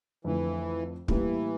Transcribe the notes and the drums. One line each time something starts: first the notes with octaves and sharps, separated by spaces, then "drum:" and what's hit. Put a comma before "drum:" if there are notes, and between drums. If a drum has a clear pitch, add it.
F2 D3 E3 A3
A2 E3 G3 A#3 E4, drum: kick